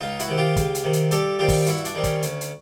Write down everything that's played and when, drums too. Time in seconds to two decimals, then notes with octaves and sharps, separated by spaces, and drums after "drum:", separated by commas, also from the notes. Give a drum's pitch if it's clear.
0.01 C#2 D#4 F4
0.19 E4 F#4, drum: hi-hat
0.28 C3 D#3
0.37 F4 G4
0.56 C#2, drum: kick, hi-hat
0.75 drum: hi-hat
0.84 C3 D#3
0.93 drum: hi-hat
1.11 G2 G4 A4, drum: hi-hat
1.39 D#3 G3 C4 F4 G4
1.48 drum: kick, open hi-hat
1.66 G2 E4 F#4, drum: hi-hat
1.85 D4, drum: hi-hat
1.94 D#3 G3 C4
2.04 C#4, drum: kick, hi-hat
2.22 D2, drum: hi-hat
2.41 drum: hi-hat